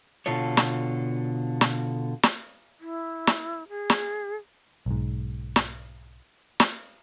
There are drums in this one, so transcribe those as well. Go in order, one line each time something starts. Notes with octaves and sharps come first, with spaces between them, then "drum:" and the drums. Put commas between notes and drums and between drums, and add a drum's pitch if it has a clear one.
B2 D3 F4 A4 C#5
drum: snare
drum: snare
drum: snare
E4
drum: snare
G#4
drum: snare
B1 G#2
drum: snare
drum: snare